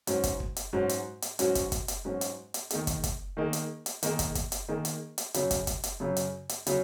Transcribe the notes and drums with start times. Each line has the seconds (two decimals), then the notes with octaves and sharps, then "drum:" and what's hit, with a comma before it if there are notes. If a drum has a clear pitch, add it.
0.07 G#2 F#3 C#4 F#4, drum: hi-hat
0.24 drum: kick, hi-hat
0.40 drum: kick
0.56 drum: hi-hat
0.73 G#2 F#3 C#4 F#4
0.89 drum: hi-hat
1.22 drum: hi-hat
1.39 G#2 F#3 C#4 F#4, drum: hi-hat
1.55 drum: kick, hi-hat
1.72 drum: kick, hi-hat
1.88 drum: hi-hat
2.05 G#2 F#3 C#4 F#4
2.21 drum: hi-hat
2.54 drum: hi-hat
2.70 D#3 A#3 D#4 G#4, drum: hi-hat
2.87 drum: kick, hi-hat
3.04 drum: kick, hi-hat
3.37 D#3 A#3 D#4 G#4
3.53 drum: hi-hat
3.86 drum: hi-hat
4.03 D#3 A#3 D#4 G#4, drum: hi-hat
4.19 drum: kick, hi-hat
4.35 drum: kick, hi-hat
4.52 drum: hi-hat
4.68 D#3 A#3 D#4 G#4
4.85 drum: hi-hat
5.18 drum: hi-hat
5.34 F#2 C#3 F#3, drum: hi-hat
5.51 drum: kick, hi-hat
5.67 drum: kick, hi-hat
5.84 drum: hi-hat
6.00 F#2 C#3 F#3
6.16 drum: hi-hat
6.49 drum: hi-hat
6.67 C#3 F#3, drum: hi-hat